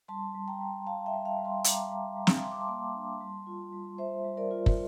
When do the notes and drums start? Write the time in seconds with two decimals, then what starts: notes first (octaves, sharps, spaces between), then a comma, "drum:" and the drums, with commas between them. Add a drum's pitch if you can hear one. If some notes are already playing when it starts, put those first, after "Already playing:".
0.08 G3 A5 C6
0.35 G3
0.48 G5 A#5
0.61 G3
0.86 G3 F5 A5
1.06 E5 G5
1.13 G3
1.25 F5 A5
1.38 G3
1.45 A5 C6
1.64 G3 A#5 D6, drum: hi-hat
1.91 G3
2.17 G3
2.27 drum: snare
2.43 G3 C6
2.51 D6
2.61 A5 C6
2.68 A#3
2.94 D4
3.21 G3
3.47 F4
3.73 G3
3.98 G3 C5 E5
4.24 G3
4.37 A#4 D5
4.51 F4
4.66 drum: kick